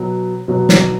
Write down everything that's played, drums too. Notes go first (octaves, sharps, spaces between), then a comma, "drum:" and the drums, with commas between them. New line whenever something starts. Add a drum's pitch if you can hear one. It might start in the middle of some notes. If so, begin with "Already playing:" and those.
Already playing: B2 F#3
B2 F#3
drum: snare